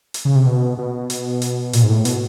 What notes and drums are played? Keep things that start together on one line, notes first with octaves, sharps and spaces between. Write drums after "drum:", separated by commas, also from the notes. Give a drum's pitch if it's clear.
drum: hi-hat
C#3
C3
B2
B2
drum: hi-hat
drum: hi-hat
A#2, drum: hi-hat
G#2
A2
B2, drum: hi-hat